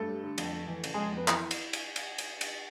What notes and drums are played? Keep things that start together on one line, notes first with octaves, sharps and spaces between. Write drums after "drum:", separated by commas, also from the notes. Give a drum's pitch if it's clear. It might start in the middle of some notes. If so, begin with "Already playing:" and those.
Already playing: G2 A3 A4
G3
D3
F2, drum: cymbal
F2
E3
C#3, drum: cymbal
F2 G#3 G#4
F2 B3 B4
E3 E4 E5, drum: clap
drum: cymbal
drum: cymbal
drum: cymbal
drum: cymbal
drum: cymbal